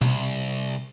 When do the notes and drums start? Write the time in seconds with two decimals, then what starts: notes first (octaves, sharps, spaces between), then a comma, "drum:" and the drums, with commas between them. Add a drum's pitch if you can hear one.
0.01 C2, drum: tom B2